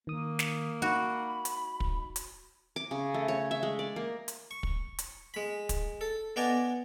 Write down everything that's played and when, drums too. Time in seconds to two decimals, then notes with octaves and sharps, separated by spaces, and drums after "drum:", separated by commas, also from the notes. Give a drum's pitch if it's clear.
0.07 D#3 A#3 D#6
0.39 drum: snare
0.82 D#4 F#4 B5
1.45 drum: hi-hat
1.80 drum: kick
2.16 drum: hi-hat
2.76 D6
2.91 C#3
3.14 A3
3.28 C#5
3.51 E5
3.63 G#3
3.79 D5
3.96 A#3
4.28 drum: hi-hat
4.51 C#6
4.63 drum: kick
4.99 drum: hi-hat
5.34 G#3 B5
5.69 drum: kick, hi-hat
6.01 A4
6.36 B3 D4 D5 D#5 G#5 A#5